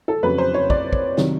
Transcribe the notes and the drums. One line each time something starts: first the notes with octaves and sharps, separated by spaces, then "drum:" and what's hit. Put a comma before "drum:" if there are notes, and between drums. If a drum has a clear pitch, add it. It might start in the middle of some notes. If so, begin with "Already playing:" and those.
A4
F2 C#3 F#3 B4
C5
C#5
D5, drum: kick
drum: kick
C3 D#3 F#3, drum: snare